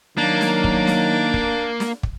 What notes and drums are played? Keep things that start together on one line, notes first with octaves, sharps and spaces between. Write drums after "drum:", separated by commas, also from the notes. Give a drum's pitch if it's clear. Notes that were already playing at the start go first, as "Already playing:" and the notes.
D#3 F#3 A#3 D4
drum: snare
drum: kick
drum: snare
drum: kick
drum: snare
drum: kick